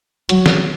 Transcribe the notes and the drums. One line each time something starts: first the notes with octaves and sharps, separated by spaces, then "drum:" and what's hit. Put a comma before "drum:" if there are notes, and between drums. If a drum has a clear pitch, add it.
F#3, drum: hi-hat
drum: snare